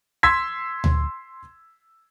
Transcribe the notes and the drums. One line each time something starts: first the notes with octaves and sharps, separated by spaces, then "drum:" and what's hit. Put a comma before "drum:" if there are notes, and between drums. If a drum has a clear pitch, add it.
C6 E6 G#6 B6
drum: tom D2